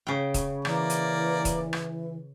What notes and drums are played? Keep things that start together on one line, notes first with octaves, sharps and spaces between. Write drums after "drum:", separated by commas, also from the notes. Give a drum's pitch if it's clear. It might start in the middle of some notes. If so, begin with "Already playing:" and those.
C#3 G5
drum: kick D#1, hi-hat
E3 A#3 D5, drum: rim click
drum: hi-hat
drum: kick D#1, hi-hat
drum: rim click